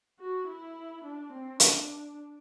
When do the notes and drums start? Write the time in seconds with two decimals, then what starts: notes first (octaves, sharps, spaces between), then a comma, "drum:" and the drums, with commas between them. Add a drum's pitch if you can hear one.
0.20 F#4
0.48 E4
1.04 D4
1.32 C4
1.60 D4, drum: hi-hat